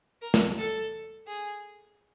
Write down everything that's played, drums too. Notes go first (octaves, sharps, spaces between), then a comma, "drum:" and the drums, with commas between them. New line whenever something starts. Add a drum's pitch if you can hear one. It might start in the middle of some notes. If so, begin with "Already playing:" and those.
A#4
drum: snare
A4
G#4